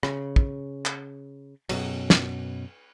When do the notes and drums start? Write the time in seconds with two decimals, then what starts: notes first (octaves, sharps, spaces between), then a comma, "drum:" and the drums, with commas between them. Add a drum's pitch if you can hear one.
0.03 C#3, drum: rim click
0.36 drum: kick
0.86 drum: clap
1.69 F#2 B2 F#3, drum: cymbal
2.10 drum: snare